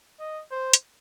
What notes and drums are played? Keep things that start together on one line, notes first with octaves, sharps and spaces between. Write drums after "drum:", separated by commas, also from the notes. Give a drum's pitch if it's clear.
D#5
C5
drum: hi-hat